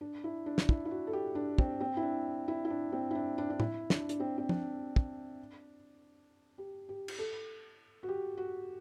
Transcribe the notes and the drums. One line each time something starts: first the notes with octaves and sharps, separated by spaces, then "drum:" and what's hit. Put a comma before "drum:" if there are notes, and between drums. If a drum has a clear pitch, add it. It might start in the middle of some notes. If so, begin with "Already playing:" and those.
D4
E4
D4
drum: snare
E4, drum: kick
E4
F#4
A4
G4
D4
C4, drum: kick
C4
E4
D4
E4
E4
D4
C4
E4
D4
D4
D4
E4, drum: tom A2
D4, drum: snare
D4, drum: hi-hat
C4
C4
D4, drum: tom
drum: kick
G4
G4
drum: cymbal
A4
F#4
G4
F#4